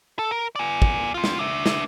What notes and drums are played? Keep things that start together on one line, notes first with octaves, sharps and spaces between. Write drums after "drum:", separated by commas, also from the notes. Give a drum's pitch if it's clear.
A4
A#4
D5 G#5
drum: kick
C4 F4
drum: snare
D4 E5
drum: snare